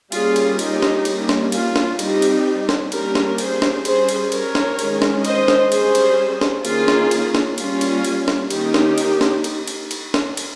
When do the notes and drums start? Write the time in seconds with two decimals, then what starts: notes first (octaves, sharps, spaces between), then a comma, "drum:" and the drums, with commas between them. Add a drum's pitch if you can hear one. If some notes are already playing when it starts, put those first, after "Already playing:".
0.12 G3 A#3 C#4 F4 G#4, drum: cymbal
0.36 drum: cymbal
0.59 D#4 G4, drum: cymbal
0.83 drum: snare
1.05 G3 A#3 C#4, drum: cymbal
1.29 drum: snare
1.52 F4, drum: cymbal
1.76 drum: snare
1.99 G3 C4 D#4 G4, drum: cymbal
2.22 drum: cymbal
2.69 drum: snare
2.92 G3 A#3 C#4 G4 A#4, drum: cymbal
3.15 drum: snare
3.38 G#4 C5, drum: cymbal
3.62 drum: snare
3.85 G3 C#4 G#4 C5, drum: cymbal
4.09 drum: cymbal
4.32 A#4 C#5, drum: cymbal
4.55 drum: snare
4.79 D#3 G#3 C#4, drum: cymbal
5.02 drum: snare
5.25 C5 D#5, drum: cymbal
5.48 drum: snare
5.72 G3 C#4 G#4 C5, drum: cymbal
5.95 drum: cymbal
6.41 drum: snare
6.65 D#3 A#3 C#4 F4 G#4, drum: cymbal
6.88 drum: snare
7.11 drum: cymbal
7.35 drum: snare
7.58 G3 A#3 C#4 F4, drum: cymbal
7.81 drum: cymbal
8.04 drum: cymbal
8.28 drum: snare
8.50 D#3 A#3 C#4 D#4 G4, drum: cymbal
8.74 drum: snare
8.98 drum: cymbal
9.21 drum: snare
9.44 drum: cymbal
9.67 drum: cymbal
9.91 drum: cymbal
10.14 drum: snare
10.37 drum: cymbal